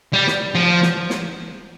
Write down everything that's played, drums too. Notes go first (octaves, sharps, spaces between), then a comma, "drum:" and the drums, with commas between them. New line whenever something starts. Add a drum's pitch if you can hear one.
G3
drum: snare
F3
drum: snare
drum: snare